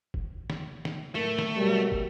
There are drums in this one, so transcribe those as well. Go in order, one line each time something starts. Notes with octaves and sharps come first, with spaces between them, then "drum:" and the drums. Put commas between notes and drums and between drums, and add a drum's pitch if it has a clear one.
drum: kick
drum: snare
drum: snare
A2 A3 A#3
drum: snare
B2 F#3 G3 A#4
drum: kick